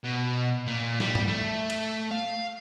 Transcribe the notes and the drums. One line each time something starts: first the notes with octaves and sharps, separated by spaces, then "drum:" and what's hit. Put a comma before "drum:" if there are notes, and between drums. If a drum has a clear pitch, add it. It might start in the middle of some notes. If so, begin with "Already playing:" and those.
B2
A#2
G3, drum: snare
drum: tom G#2
A3
drum: cymbal
F5